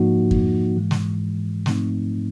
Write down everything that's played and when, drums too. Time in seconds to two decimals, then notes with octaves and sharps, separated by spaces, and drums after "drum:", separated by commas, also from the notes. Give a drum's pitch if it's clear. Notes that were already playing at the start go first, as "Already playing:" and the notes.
Already playing: G#2 F3 A#3 D#4 F#4
0.31 drum: kick F2
0.76 G#2 E3 G#3
0.91 drum: snare
1.66 G#2 F3 A3 C4 D#4, drum: snare